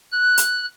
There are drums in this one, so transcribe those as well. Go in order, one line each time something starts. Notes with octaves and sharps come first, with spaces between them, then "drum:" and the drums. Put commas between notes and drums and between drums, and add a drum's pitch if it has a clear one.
F#6
drum: hi-hat